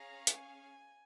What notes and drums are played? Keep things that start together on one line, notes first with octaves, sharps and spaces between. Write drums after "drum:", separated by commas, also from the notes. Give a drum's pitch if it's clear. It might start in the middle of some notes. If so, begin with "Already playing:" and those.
Already playing: C#4 G#4 C#5 F5 A#5
G#5, drum: hi-hat